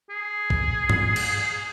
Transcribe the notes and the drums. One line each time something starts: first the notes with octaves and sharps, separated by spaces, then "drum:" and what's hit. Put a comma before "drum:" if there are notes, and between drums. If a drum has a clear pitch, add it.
G#4
drum: kick
drum: tom G2
drum: cymbal